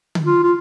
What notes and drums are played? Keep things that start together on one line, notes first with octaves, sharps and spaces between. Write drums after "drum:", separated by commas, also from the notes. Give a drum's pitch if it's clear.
drum: tom D3
F4
F4